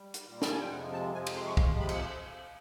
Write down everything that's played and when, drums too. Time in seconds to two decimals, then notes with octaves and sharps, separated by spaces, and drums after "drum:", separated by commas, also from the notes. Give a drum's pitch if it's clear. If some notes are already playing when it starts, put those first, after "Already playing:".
Already playing: G3
0.14 drum: hi-hat
0.26 A#2 G3
0.42 A5, drum: snare
0.51 G#5
0.61 G5
0.70 F2 C3 F3 G#3 F#5
0.92 A5
1.14 F2 C3 F3 G#3 G#5
1.27 drum: cymbal
1.36 C6
1.46 C#6
1.57 F2 C3 F3 G#3 C6, drum: kick
1.80 B5
1.89 drum: cymbal